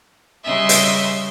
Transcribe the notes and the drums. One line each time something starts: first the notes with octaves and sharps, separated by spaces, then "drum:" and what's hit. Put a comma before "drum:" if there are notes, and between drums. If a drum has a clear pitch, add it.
C#3 G3 D#5 E5 C6
drum: hi-hat